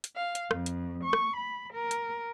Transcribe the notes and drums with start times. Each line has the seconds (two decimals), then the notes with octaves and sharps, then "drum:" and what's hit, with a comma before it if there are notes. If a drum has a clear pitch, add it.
0.04 drum: hi-hat
0.16 F5
0.35 drum: hi-hat
0.51 F2, drum: rim click
0.66 drum: hi-hat
1.03 C#6
1.13 drum: rim click
1.36 B5
1.73 A#4
1.91 drum: hi-hat